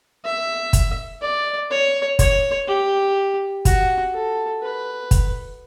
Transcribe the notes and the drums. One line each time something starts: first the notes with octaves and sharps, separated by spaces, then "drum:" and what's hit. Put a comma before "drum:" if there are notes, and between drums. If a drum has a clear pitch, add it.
E5
drum: kick, hi-hat
D5
C#5
C#5, drum: kick, hi-hat
G4
F#4, drum: kick, hi-hat
A4
B4
drum: kick, hi-hat